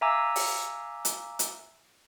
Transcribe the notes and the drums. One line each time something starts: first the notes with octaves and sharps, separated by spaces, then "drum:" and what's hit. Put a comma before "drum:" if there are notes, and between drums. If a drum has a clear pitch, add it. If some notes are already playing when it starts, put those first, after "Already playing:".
E5 F5 G#5 A#5 D6 E6
drum: open hi-hat
drum: hi-hat
drum: hi-hat